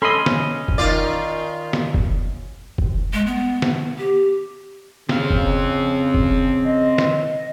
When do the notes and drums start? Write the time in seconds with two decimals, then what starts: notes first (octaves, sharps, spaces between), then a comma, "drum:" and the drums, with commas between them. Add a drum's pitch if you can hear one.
0.02 C#4 A4 D#5 B5 C6
0.26 drum: snare
0.68 drum: kick F1
0.78 D#3 F4 D5
1.73 drum: snare
1.94 drum: kick F1
2.78 drum: kick F1
3.13 G#3
3.27 B3
3.62 drum: snare
3.98 G4
5.09 C#3 C4 F5, drum: snare
5.30 drum: kick F1
6.14 drum: kick F1
6.65 D#5
6.98 drum: snare